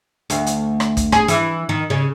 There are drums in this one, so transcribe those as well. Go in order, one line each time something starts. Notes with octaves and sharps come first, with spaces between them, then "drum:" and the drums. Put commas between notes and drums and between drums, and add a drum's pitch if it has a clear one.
D2, drum: hi-hat
drum: hi-hat
drum: rim click
drum: kick, hi-hat
G#4, drum: rim click
E3, drum: hi-hat
D#3
C#3